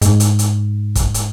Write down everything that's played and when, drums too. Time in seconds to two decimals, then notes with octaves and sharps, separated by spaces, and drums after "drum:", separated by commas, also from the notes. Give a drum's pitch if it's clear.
0.02 G#2, drum: hi-hat
0.20 drum: hi-hat
0.39 drum: hi-hat
0.95 drum: kick, hi-hat
1.14 drum: hi-hat